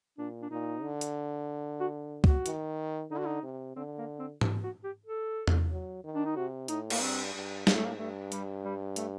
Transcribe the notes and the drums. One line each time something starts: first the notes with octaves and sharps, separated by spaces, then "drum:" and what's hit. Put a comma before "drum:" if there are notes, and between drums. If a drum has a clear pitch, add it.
A#2 D4
D4
A#2 D#4
D3
drum: hi-hat
F#4
F#4, drum: kick C#2
D#3, drum: hi-hat
D3 D#4
F#4
D#4
C3
D3 C4
A#3
C4
D4, drum: tom G#2
F#4
G4
A4
drum: tom E2
F#3
D#3
D4
D#4
C3 F#4
A2 D#4, drum: hi-hat
A#3, drum: cymbal
G2 C4
G2
A2 A#3, drum: snare
A3
A#3
G2 A3
G3, drum: hi-hat
G3
A3, drum: hi-hat